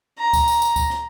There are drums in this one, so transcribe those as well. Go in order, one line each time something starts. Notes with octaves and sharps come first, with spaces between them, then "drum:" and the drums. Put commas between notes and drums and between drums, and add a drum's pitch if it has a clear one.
A#5
drum: kick D2, tambourine
drum: tambourine
drum: tambourine
drum: kick D2, tambourine
drum: rim click